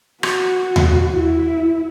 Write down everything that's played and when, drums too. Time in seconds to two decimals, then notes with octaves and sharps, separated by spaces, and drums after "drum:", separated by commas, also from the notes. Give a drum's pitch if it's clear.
0.23 F#4, drum: rim click
0.76 drum: tom D#2
1.15 E4